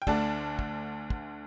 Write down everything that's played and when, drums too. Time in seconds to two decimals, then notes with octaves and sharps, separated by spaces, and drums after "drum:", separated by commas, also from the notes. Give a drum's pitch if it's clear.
0.02 G5
0.07 D2 D3 A3 D4 A5, drum: kick
0.59 drum: kick
1.10 drum: kick